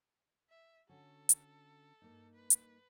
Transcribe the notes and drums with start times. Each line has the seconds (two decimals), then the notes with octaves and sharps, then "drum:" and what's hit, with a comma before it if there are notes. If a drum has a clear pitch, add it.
0.49 E5
0.89 D3 C#4 F#4 A4
1.29 drum: hi-hat
2.02 G2 A#3 D#4
2.34 B4
2.50 drum: hi-hat